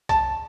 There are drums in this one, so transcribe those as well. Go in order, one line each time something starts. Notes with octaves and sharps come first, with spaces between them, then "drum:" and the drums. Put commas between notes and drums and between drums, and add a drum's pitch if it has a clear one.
A5, drum: kick C2, hi-hat